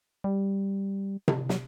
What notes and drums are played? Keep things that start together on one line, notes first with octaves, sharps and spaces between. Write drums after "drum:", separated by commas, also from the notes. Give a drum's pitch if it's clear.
G3
drum: tom C3
F#3, drum: snare